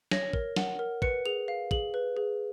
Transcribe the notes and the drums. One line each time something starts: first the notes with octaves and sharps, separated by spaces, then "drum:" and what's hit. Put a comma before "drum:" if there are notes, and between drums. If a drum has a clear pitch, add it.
C#5 A#6, drum: snare
A#4, drum: kick
F#5, drum: snare
A#4
B4 C#7, drum: kick
G#4 F7
F5
G#4 F#7, drum: kick
B4
G#4